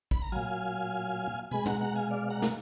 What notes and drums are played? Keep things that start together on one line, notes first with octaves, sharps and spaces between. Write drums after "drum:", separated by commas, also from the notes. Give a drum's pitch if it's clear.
B5, drum: kick
A#5
A#2 F#3 F5 G#5
B2 G#3 G#5 B5
F#5 A#5, drum: tom
F#5 A#5
F5 G#5
D5 F5
F#5 A#5
A#4, drum: snare